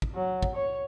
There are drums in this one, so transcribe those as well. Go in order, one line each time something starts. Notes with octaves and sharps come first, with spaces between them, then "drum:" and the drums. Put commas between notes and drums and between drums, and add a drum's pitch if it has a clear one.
drum: kick
F#3
drum: kick
C#5